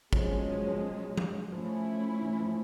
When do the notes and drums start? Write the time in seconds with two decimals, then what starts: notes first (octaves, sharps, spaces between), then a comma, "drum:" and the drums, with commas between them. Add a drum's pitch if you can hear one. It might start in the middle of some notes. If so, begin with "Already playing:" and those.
0.13 B2 F3 G#3 C#4, drum: kick
0.22 F#3
0.31 F3
0.39 F#3
0.49 F3
0.58 F#3
0.67 F3
0.83 F#3
1.17 drum: tom F3
1.52 F3 A3 C#4 E4
2.22 E3
2.40 F3